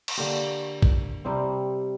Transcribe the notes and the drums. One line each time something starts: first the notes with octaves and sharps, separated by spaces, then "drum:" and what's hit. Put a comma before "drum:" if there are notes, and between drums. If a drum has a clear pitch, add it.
drum: cymbal
D3 A#3 G4
drum: kick A1
C3 G3 C4